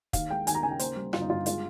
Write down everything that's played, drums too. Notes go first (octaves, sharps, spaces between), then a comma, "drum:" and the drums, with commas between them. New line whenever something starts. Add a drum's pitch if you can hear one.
D#2 F5, drum: kick, hi-hat
G#3 G5
D#2 G#5, drum: hi-hat
A#5
C#3 G#5
G5
A#3 C5, drum: hi-hat
G3
G1 F4, drum: rim click
D#4
G2 F4
G#3 F4, drum: hi-hat